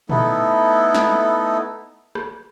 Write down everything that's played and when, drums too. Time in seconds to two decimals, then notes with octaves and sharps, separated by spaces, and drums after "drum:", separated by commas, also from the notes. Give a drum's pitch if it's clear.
0.09 A3 B3 D#4 E4 A4, drum: tom
0.94 drum: snare
2.15 drum: rim click